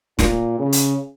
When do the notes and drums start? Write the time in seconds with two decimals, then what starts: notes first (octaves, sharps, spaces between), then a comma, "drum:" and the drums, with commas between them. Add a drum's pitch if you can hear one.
0.19 A#2, drum: snare
0.59 C#3
0.72 drum: hi-hat